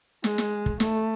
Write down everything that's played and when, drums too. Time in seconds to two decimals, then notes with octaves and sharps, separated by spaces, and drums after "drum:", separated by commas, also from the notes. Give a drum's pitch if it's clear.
0.24 G#3, drum: snare
0.38 drum: snare
0.66 drum: kick
0.80 A3, drum: snare